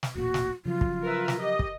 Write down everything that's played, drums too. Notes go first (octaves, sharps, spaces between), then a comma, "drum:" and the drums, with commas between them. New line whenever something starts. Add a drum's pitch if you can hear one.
drum: snare
E1 A1 A#2 F#4
drum: snare
C#3 F3 F#3 F4
drum: kick
A#4 B4 E5
drum: snare
G4 D#5
drum: kick